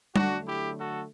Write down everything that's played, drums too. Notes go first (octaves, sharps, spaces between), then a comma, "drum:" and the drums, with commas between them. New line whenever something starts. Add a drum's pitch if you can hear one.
D3 F#3 A3 D4 F#4, drum: tom G3
E4 G4
F#4 A4